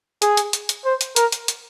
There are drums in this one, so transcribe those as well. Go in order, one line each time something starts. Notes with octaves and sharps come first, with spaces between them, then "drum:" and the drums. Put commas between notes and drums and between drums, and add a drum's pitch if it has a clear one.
G#4, drum: hi-hat
drum: hi-hat
drum: hi-hat
drum: hi-hat
C5
drum: hi-hat
A#4, drum: hi-hat
drum: hi-hat
drum: hi-hat